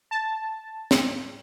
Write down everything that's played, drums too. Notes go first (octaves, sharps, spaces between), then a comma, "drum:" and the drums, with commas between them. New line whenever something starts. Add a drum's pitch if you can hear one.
A5
drum: snare